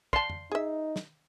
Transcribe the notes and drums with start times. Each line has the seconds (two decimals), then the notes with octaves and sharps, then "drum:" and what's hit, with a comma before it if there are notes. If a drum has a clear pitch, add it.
0.13 D5 A5 C6, drum: kick
0.30 drum: tom F2
0.52 D#4 G#4 E5
0.96 drum: snare